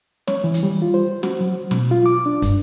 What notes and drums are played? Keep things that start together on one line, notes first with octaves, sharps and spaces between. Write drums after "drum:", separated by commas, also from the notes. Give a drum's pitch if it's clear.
C#5, drum: snare
E3
drum: hi-hat
G3
F4
C5
F#4, drum: snare
F#3
B2, drum: snare
F4
D6
D4
G2, drum: kick, hi-hat